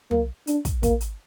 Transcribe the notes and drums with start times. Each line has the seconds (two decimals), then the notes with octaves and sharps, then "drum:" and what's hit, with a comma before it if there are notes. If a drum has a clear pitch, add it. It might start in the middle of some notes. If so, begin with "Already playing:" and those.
0.11 A#3, drum: tom
0.47 D4, drum: hi-hat
0.65 drum: kick, hi-hat
0.83 A#3, drum: kick, hi-hat
1.01 drum: hi-hat